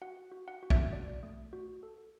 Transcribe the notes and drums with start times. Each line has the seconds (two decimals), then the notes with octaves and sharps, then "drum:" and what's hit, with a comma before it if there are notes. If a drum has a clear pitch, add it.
0.02 F#4 F#5
0.32 F#4
0.48 F#5
0.63 F#4
0.70 E5, drum: kick B1
0.92 F#4 D5
1.23 A3
1.53 F#4
1.83 A4